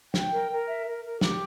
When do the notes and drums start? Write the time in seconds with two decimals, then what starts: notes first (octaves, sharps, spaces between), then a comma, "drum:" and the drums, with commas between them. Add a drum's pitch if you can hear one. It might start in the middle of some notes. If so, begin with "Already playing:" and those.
0.14 G5, drum: snare
0.33 A#4
0.51 A#4
0.68 E5
0.86 A#4
1.04 A#4
1.21 G4, drum: snare